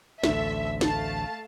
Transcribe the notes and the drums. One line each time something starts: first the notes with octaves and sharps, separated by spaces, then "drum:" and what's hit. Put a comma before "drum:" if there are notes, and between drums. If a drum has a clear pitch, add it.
A1 D2 A4 E5, drum: snare
A3 F5 A5, drum: snare